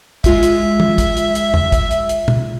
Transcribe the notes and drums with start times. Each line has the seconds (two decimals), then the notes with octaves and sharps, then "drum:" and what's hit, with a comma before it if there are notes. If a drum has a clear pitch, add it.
0.24 G#3 F4 E5 G#5, drum: kick, hi-hat
0.43 drum: hi-hat
0.80 drum: tom
0.98 drum: kick, hi-hat
1.17 drum: hi-hat
1.35 drum: hi-hat
1.54 drum: tom
1.72 drum: kick, hi-hat
1.91 drum: hi-hat
2.09 drum: hi-hat
2.28 drum: tom